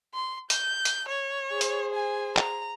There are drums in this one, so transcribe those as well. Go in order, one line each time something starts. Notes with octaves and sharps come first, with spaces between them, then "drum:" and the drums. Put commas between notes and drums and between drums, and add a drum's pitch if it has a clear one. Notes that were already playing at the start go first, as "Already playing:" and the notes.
C6
G6, drum: hi-hat
drum: hi-hat
C#5
G#4 C5
drum: hi-hat
G#5
A#5, drum: clap